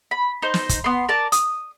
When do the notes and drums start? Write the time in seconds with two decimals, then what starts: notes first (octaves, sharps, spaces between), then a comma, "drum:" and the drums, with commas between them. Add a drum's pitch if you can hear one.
0.11 B5
0.42 D#4 C5
0.54 drum: snare
0.69 drum: kick, hi-hat
0.84 B3 C6
1.09 A#4 D5 A5
1.32 D#6, drum: hi-hat